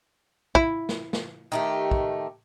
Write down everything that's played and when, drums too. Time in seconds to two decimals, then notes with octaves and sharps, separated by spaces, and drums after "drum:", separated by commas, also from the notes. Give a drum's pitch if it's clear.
0.55 E4, drum: kick
0.89 drum: snare
1.13 drum: snare
1.52 D#3 A3 G4
1.91 drum: kick